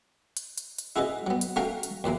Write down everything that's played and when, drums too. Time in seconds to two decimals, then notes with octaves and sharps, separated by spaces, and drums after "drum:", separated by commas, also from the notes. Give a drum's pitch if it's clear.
0.37 drum: hi-hat
0.58 drum: hi-hat
0.78 drum: hi-hat
0.96 E4 F#4 G#4 B4 D#5
1.27 F#3 B3
1.41 drum: hi-hat
1.56 A3 C#4 F#4 A#4 F5 G5
1.83 drum: hi-hat
2.04 C#2 F#2 E3 A#3